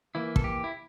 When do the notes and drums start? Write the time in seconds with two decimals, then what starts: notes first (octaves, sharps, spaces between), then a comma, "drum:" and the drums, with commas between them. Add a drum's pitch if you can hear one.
0.15 E3 A#3 E4
0.36 A4, drum: kick
0.44 G4
0.64 E4